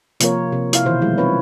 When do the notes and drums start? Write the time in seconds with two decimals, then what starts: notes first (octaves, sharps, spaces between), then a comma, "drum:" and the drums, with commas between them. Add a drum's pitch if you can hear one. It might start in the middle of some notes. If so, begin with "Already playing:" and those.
0.20 C3 F3 A#3 F4 A#4 C#5, drum: hi-hat
0.52 C3
0.73 E4 F5, drum: hi-hat
0.85 B2 D#3 E3 C5
1.02 F3 G3 G#3 E4
1.18 C4 D#4 F4 B4 C#5